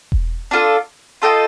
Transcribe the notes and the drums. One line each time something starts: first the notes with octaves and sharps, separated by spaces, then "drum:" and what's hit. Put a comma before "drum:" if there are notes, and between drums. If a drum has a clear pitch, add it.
drum: kick E1
D4 F4 A4
F4 A4 D#5 G5